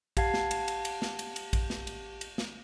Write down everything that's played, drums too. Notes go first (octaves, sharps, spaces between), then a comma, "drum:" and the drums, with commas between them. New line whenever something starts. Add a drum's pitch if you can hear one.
G4 F5 F#5 A5 G#6 C7, drum: kick A#1, cymbal
drum: snare
drum: cymbal
drum: cymbal
drum: cymbal
drum: snare
drum: cymbal
drum: cymbal
drum: kick A#1, cymbal
drum: snare
drum: cymbal
drum: cymbal
drum: snare